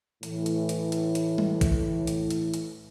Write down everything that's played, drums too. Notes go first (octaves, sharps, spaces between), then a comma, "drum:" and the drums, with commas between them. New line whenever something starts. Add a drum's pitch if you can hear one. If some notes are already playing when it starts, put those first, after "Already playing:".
A2 E3, drum: hi-hat
drum: hi-hat
drum: hi-hat
drum: hi-hat
drum: hi-hat
drum: tom G3
drum: kick A1, hi-hat
drum: hi-hat
drum: hi-hat
drum: hi-hat